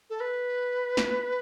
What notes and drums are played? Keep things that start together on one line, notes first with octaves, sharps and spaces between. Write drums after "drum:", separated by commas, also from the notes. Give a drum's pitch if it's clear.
A4
B4
drum: snare